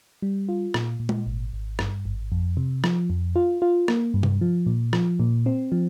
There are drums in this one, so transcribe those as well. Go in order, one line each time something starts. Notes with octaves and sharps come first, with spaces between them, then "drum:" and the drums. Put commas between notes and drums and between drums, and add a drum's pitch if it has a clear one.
G3
F4
A#2, drum: rim click
A#2
drum: tom G#3
G#1
G#1
G2, drum: rim click
G#1
F2
C3
F3, drum: rim click
F2
F4
F4
A#3, drum: rim click
G2
drum: tom C3
F3
A#2
F3, drum: rim click
A#2
C4
F3